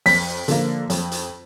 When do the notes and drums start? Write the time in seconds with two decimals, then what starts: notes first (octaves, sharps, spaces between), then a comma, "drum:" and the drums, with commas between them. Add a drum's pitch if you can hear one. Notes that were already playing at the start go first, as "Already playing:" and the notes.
0.06 F2 B6, drum: open hi-hat
0.48 D3 F3 A#3, drum: hi-hat
0.90 F2, drum: hi-hat
1.11 drum: hi-hat